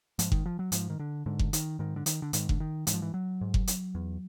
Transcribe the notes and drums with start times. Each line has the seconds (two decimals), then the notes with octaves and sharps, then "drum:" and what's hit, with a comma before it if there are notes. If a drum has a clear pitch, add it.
0.19 G#2 F3, drum: hi-hat
0.32 D#3, drum: kick F#1
0.46 F3
0.59 F#3
0.72 G#2 F3, drum: hi-hat
0.90 D#3
0.99 D3
1.26 G#2 D3
1.39 drum: kick F#1
1.53 D#3, drum: hi-hat
1.79 G#2 D#3
1.96 D3
2.06 D#3, drum: hi-hat
2.22 D3
2.33 G#2 D#3, drum: hi-hat
2.49 D3, drum: kick F#1
2.60 D#3
2.87 G#2 E3, drum: hi-hat
2.94 F3
3.02 E3
3.14 F#3
3.41 G#2
3.54 drum: kick F#1
3.67 drum: hi-hat
3.95 E2